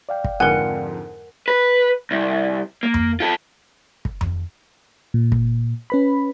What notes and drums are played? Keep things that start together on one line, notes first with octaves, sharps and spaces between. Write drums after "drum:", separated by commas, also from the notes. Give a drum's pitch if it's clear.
D5 F5 G5
drum: kick
F2 G#2 D3 A#4 F#5 G#5
B4
C2
A#3
drum: tom F2
F4 A4
drum: kick
drum: tom F2
A#2
drum: kick
C#4 B4 B5